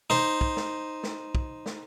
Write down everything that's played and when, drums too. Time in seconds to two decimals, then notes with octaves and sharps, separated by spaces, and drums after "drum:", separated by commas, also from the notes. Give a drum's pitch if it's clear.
0.10 D#4 C5, drum: snare
0.41 drum: kick
0.57 drum: snare
1.03 drum: snare
1.35 drum: kick
1.66 drum: snare